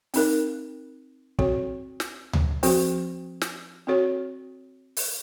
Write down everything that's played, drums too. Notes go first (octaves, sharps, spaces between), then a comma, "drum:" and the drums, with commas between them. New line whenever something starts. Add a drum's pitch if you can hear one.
C4 D#4 A#4, drum: open hi-hat
C4 F#4 A4 C#5, drum: kick
drum: snare
drum: tom D2
F3 C4 F#4 A4, drum: open hi-hat
drum: snare
C4 F#4 A4 C#5
drum: open hi-hat